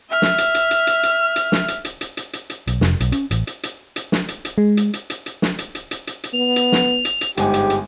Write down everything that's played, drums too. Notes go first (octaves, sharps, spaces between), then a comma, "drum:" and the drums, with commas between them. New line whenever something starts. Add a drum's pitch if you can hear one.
E5 F6
drum: snare
drum: hi-hat
drum: hi-hat
drum: hi-hat
drum: hi-hat
drum: hi-hat
drum: hi-hat
drum: snare
drum: hi-hat
drum: hi-hat
drum: hi-hat
drum: hi-hat
drum: hi-hat
drum: hi-hat
B1, drum: hi-hat
F1, drum: snare
B1, drum: hi-hat
C#4, drum: hi-hat
A1, drum: hi-hat
drum: hi-hat
drum: hi-hat
drum: hi-hat
drum: snare
drum: hi-hat
drum: hi-hat
G#3
drum: hi-hat
drum: hi-hat
drum: hi-hat
drum: hi-hat
drum: snare
drum: hi-hat
drum: hi-hat
drum: hi-hat
drum: hi-hat
drum: hi-hat
B3 F7
drum: hi-hat
drum: snare
drum: hi-hat
drum: hi-hat
G1 G#2 G#3 G4 F#5 G#5, drum: hi-hat
drum: hi-hat
drum: hi-hat